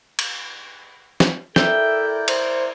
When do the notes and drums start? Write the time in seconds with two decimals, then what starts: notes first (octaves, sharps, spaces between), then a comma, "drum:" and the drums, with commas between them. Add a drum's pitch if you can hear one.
0.19 drum: cymbal
1.20 drum: snare
1.56 E4 A4 A#4 D5 E5 G5, drum: snare
2.28 C5, drum: cymbal